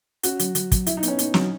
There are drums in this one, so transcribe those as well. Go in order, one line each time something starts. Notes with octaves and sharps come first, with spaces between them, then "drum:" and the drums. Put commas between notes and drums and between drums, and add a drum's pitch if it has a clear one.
C#4 F#4, drum: hi-hat
F#3, drum: hi-hat
F#3, drum: hi-hat
F#3, drum: kick, hi-hat
F#3 E4, drum: hi-hat
D#4
B3, drum: hi-hat
C#4
B3 D#4, drum: hi-hat
F#3, drum: snare